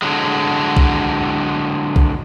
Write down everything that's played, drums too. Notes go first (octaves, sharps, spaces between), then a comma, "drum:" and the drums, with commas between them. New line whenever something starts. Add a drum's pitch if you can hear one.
D3 F#3 G#3
drum: kick B1
drum: kick B1